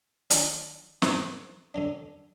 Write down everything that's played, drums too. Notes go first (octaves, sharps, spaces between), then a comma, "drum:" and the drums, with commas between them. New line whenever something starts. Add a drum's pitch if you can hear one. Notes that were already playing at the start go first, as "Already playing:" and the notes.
D#3 F#3 D4, drum: hi-hat
G#2 F3 B3, drum: snare
F#2 D3 F#3 D4